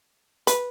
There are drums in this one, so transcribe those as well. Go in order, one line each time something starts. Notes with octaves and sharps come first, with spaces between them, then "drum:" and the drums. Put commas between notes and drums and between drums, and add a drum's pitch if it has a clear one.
B4, drum: hi-hat